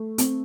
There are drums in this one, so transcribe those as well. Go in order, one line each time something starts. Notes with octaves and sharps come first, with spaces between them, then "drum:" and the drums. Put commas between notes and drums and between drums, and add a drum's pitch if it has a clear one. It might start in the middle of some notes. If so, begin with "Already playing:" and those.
Already playing: A3
C4, drum: hi-hat